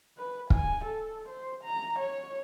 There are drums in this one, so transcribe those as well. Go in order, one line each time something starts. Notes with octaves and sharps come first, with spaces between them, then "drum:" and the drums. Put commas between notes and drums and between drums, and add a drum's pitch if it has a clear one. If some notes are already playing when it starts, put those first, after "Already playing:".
B4
G#5, drum: kick
A4
C5
A#5
C#5